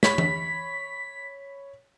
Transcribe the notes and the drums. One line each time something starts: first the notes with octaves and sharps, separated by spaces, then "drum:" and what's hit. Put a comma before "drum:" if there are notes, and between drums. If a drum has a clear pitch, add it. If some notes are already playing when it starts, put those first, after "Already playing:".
C#5 B5 B6, drum: snare
drum: tom E3